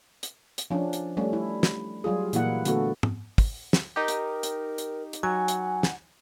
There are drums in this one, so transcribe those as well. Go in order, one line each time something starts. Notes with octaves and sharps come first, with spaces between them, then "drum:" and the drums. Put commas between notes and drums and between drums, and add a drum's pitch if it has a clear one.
drum: hi-hat
drum: hi-hat
F3 C#4 D4
drum: hi-hat
G3 A3 C#4
E4
drum: snare
F#3 G3 F4 G#4
A#2 E3 A#3 E4 F#5, drum: hi-hat
D3 A3 B3 F#4 A4, drum: hi-hat
drum: tom
drum: kick, open hi-hat
drum: snare
D#4 G4 A#4
drum: hi-hat
drum: hi-hat
drum: hi-hat
drum: hi-hat
F#3 F#5 G#5
drum: hi-hat
drum: snare